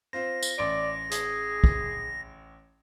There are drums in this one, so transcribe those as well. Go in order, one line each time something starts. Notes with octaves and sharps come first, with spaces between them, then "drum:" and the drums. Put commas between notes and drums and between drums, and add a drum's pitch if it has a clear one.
C4 F4 C5 A#6
drum: tambourine
A1 D5 C6 D7
G#4, drum: hi-hat
drum: kick